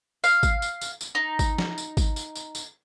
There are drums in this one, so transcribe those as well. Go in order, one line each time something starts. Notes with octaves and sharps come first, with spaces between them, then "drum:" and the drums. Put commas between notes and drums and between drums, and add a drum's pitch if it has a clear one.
F5, drum: tambourine
drum: kick G#1, tambourine
drum: tambourine
drum: tambourine
drum: tambourine
D#4
drum: kick G#1, tambourine
drum: snare
drum: tambourine
drum: kick G#1, tambourine
drum: tambourine
drum: tambourine
drum: tambourine